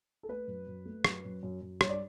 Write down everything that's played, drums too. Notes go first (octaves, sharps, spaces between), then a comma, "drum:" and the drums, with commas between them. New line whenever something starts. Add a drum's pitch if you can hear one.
A4
A3 B4
F#2
F#2
A3
F#2, drum: rim click
F#2
F#2
F#2
G2 C#5, drum: rim click
D5